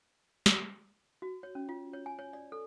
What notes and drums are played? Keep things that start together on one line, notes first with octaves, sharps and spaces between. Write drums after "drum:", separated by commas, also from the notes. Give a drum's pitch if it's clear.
drum: snare
F#4
C#5
C#4
F4
C#5
G#5
C#5
D5
A4